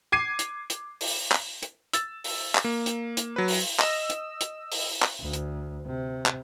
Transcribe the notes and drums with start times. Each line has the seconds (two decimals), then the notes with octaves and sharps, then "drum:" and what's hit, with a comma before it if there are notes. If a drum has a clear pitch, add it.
0.12 D6 G#6 C7 D#7
0.39 drum: hi-hat
0.70 drum: hi-hat
1.01 drum: open hi-hat
1.32 drum: clap
1.63 drum: hi-hat
1.93 E6 A6, drum: hi-hat
2.24 drum: open hi-hat
2.55 drum: clap
2.64 A#3
2.86 drum: hi-hat
3.17 drum: hi-hat
3.36 F#3 B4
3.48 drum: open hi-hat
3.80 D#5 E6, drum: clap
4.10 drum: hi-hat
4.41 drum: hi-hat
4.72 drum: open hi-hat
5.02 drum: clap
5.20 D2
5.33 drum: hi-hat
5.86 C3
6.26 drum: clap